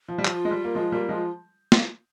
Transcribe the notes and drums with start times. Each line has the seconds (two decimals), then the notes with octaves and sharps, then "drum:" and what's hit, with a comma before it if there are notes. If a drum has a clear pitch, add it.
0.09 F3
0.18 G3
0.25 F3 F4, drum: clap
0.45 G#3
0.51 G3
0.64 A#3
0.75 F3 G#3
0.92 G3 A#3
1.09 F3 G#3
1.72 drum: snare